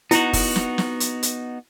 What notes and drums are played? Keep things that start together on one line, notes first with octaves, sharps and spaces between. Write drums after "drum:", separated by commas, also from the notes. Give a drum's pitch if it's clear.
B3 D#4 E4 F#4, drum: hi-hat
drum: kick, open hi-hat
drum: snare
drum: snare
drum: hi-hat
drum: hi-hat